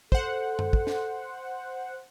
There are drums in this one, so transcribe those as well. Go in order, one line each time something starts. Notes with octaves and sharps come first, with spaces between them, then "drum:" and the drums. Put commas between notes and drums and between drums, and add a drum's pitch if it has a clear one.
A4 C5 F#5, drum: kick
drum: tom F#2
drum: kick
drum: snare